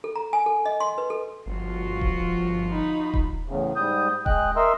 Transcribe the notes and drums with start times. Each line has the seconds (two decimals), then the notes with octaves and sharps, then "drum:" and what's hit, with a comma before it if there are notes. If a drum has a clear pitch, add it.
0.04 A4
0.16 A#5
0.33 G#5
0.46 A4
0.66 D#5
0.80 C6
0.98 B4
1.10 A4
1.46 G1 F3 F4 F#4
2.01 drum: kick D#1
2.71 D#4 B5
3.14 drum: kick D#1
3.48 E2 A2 C#3
3.76 G#2 G3 D#6 G6
4.26 G#3 D#5 G5 F#6, drum: kick D#1
4.56 A#4 D#5 E5 C6 E6